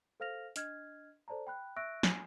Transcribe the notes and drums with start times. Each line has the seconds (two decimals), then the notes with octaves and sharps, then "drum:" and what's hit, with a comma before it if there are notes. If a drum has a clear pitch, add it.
0.20 A4 C5 F5 F6 A#6 F7
0.56 D4 D#5 F6 G#6, drum: hi-hat
1.28 A4 C5 D5 A5 A#5
1.47 G5 B5 F#6
1.76 E5 C#6 E6 F#6 A#6 D7
2.03 G#5, drum: snare